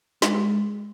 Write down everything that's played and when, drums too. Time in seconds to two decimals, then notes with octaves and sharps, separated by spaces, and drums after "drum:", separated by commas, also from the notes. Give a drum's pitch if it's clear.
0.22 G#3, drum: snare